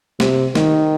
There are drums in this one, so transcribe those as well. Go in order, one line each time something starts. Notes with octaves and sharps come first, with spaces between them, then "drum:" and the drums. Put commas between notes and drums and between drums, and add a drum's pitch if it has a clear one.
C3, drum: snare
D#3, drum: snare